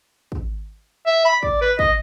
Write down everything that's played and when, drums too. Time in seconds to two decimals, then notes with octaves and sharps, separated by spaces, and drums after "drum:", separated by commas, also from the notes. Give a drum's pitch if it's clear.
0.32 drum: kick
1.06 E5
1.25 B5
1.43 D5, drum: kick
1.61 B4
1.79 D#5, drum: kick